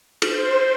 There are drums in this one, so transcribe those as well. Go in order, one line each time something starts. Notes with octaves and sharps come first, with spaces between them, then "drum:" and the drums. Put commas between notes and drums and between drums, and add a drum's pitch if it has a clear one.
C5, drum: cymbal